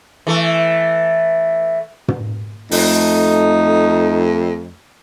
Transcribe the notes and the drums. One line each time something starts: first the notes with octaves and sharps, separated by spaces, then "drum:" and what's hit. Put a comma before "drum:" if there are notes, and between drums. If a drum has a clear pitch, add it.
E3 A3
drum: tom
F2 A3 D#4, drum: open hi-hat